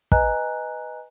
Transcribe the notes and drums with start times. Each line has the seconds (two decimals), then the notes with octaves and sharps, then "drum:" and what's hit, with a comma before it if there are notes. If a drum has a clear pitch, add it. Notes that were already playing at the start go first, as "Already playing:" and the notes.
0.12 B4 D#5 G#5 A#5 F#6, drum: kick